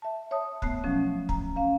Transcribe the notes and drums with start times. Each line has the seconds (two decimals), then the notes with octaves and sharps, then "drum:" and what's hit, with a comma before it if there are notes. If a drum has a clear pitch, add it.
0.02 E5 A5
0.31 C#5 E5 A5 D#6
0.62 A3 B3 F#6, drum: kick
0.84 B2 F3 F#3 C#4
1.29 A#5, drum: kick
1.56 C#4 F5